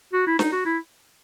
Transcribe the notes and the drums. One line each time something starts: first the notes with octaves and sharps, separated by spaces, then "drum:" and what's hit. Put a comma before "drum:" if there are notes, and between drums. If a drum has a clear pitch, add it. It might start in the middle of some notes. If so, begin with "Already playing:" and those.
F#4
E4
D#4, drum: snare
F#4
E4